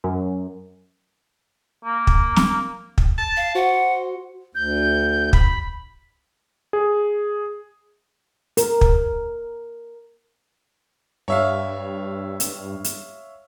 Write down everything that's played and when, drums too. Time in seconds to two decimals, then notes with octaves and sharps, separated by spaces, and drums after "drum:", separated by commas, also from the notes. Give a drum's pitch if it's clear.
0.04 F#2
1.85 A#3
2.07 drum: kick
2.36 drum: snare
2.98 drum: kick
3.18 A5
3.37 F5
3.55 F#4 C5 F#5
4.55 D2 G6
5.33 B5, drum: kick
6.73 G#4
8.57 A#4, drum: hi-hat
8.81 drum: kick
11.28 G2 C#5 E5 F5
12.40 drum: hi-hat
12.84 drum: hi-hat